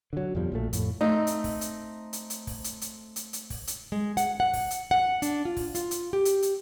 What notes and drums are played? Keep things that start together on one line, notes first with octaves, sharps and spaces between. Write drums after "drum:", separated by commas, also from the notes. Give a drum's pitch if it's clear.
D3 F#3
F2 B2 F3 G3
A#1 A#2 A3
F2 A2, drum: hi-hat
A3 C4 D#4 F5
drum: hi-hat
drum: kick, open hi-hat
drum: hi-hat
drum: hi-hat
drum: hi-hat
drum: kick, open hi-hat
drum: hi-hat
drum: hi-hat
drum: hi-hat
drum: hi-hat
drum: kick, open hi-hat
drum: hi-hat
G#3
F#5, drum: hi-hat
F#5
drum: kick, open hi-hat
drum: hi-hat
F#5
D4, drum: hi-hat
F4
drum: kick, open hi-hat
F4, drum: hi-hat
drum: hi-hat
G4
drum: hi-hat
drum: hi-hat